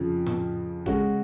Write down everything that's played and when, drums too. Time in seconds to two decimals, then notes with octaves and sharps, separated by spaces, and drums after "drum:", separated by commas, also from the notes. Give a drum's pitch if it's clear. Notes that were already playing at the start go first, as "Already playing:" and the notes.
Already playing: F2 C#3 F3
0.27 drum: tom A2
0.86 C#3 G#3 C#4 F#4, drum: kick